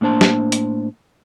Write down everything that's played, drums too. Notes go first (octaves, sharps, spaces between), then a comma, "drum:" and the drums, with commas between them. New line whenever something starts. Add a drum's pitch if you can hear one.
A2 A#3 D4 C5 A5
drum: snare
drum: hi-hat